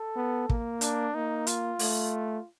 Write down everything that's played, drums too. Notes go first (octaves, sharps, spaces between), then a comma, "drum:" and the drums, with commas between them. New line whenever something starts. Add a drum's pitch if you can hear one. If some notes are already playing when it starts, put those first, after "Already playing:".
Already playing: A4
B3
A#3, drum: kick
D4, drum: hi-hat
A#3 D#4
F4, drum: hi-hat
A3, drum: open hi-hat